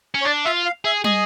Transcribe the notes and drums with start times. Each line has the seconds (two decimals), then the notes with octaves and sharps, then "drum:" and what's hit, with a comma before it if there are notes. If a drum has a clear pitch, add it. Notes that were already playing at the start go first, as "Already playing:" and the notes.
0.14 C#4
0.21 C#5
0.25 D4 D5
0.45 F4 E5
0.65 F5
0.85 G#4 E5
1.04 G#4 D#5, drum: tom